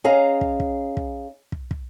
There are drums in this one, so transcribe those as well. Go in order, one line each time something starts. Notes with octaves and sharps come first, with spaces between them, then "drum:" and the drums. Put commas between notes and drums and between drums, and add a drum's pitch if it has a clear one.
C#4 G#4 D#5 F5 A#5
drum: kick
drum: kick
drum: kick
drum: kick
drum: kick